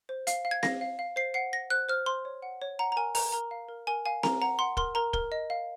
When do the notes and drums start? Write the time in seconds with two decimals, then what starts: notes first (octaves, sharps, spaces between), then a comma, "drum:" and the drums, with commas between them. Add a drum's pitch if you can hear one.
0.09 C5
0.27 F5, drum: hi-hat
0.45 F5
0.51 G#6
0.63 F5 A#6, drum: snare C4
0.81 F5
0.99 F5
1.16 C5 C7
1.34 F#5 C7
1.53 F#5 A#6
1.70 C5 F#6
1.89 C5 F6
2.06 C5 C6
2.25 C#5
2.42 F#5
2.62 C#5
2.79 F#5 A#5
2.92 A#5
2.96 A#4 G#5
3.15 A#4 A#5, drum: open hi-hat
3.33 A#4 A#5
3.51 F5
3.69 A#4
3.87 A#4 G#5
4.05 F5 G#5
4.23 A#4 A#5, drum: snare C4
4.41 F#5 A#5
4.59 F#5 C6
4.77 A#4 C6, drum: kick
4.95 A#4 A#5
5.13 A#4, drum: kick
5.32 D#5
5.50 F5